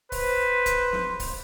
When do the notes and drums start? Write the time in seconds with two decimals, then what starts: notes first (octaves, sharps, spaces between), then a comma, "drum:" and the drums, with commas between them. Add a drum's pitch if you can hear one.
0.12 B4 C5, drum: kick C#1, open hi-hat
0.66 drum: kick C#1, hi-hat
0.93 drum: snare
1.20 drum: kick C#1, open hi-hat